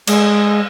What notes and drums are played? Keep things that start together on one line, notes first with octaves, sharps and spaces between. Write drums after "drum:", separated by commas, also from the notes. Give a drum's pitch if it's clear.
G#3, drum: cymbal